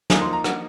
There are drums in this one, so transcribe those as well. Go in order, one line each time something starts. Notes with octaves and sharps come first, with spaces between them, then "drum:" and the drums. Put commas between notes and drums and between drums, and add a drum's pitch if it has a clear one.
F3 A#3 D#4 G#5, drum: snare
C6
A#5
F#5, drum: rim click